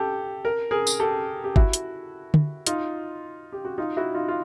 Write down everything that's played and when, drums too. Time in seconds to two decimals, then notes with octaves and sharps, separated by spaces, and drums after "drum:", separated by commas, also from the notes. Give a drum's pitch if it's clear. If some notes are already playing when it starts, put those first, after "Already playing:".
Already playing: G4 A4
0.45 A#4
0.71 G#4 A#4
0.87 drum: tambourine
0.99 G4 A4
1.44 G4
1.56 E4 F#4, drum: kick
1.73 drum: hi-hat
2.34 drum: tom D3
2.67 D#4 F4, drum: hi-hat
3.52 G4
3.65 F#4
3.78 D#4 F4
3.97 E4 F#4
4.14 D#4 F4
4.28 F4